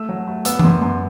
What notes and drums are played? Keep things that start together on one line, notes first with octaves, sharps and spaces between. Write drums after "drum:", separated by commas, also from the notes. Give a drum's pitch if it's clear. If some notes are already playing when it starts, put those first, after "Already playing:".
Already playing: A3 E6
F#3
A3
B3 E6, drum: hi-hat
D6, drum: tom E3
F#2 C6
F#2 C6